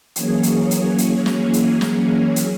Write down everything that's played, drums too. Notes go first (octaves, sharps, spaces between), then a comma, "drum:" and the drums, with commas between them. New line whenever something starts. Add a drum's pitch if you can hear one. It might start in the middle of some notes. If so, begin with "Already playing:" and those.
E3 F#3 A#3 C#4 G#4 C#5, drum: hi-hat
drum: hi-hat
drum: hi-hat
drum: hi-hat
drum: snare
drum: hi-hat
drum: snare
drum: hi-hat